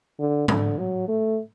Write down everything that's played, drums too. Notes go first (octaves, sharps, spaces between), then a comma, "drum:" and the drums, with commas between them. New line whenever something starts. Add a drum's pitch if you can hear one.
D3
D3, drum: tom G#2
F#3
A3